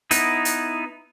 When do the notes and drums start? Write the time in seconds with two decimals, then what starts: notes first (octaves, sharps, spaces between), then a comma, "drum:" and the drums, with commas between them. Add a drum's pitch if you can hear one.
0.11 B3 D#4 E4, drum: hi-hat
0.45 drum: hi-hat